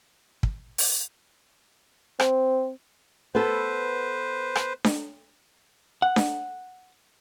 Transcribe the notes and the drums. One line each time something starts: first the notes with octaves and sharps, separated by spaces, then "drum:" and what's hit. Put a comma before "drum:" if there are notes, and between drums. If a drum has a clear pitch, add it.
drum: kick
drum: open hi-hat
C4, drum: rim click
B3 A4 B4 C5
drum: rim click
drum: snare D4
F#5
drum: snare D4